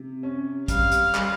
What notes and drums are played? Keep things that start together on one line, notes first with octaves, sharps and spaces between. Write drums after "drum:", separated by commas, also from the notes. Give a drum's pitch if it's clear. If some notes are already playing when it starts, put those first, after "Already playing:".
Already playing: C3
C#4
G3 F5, drum: kick, hi-hat
drum: hi-hat
G3, drum: clap